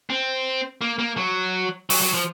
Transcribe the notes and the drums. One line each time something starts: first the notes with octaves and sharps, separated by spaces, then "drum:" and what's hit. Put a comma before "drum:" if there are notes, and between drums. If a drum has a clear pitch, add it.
C4
A#3
A#3
F#3
F#3, drum: open hi-hat
F#3
F3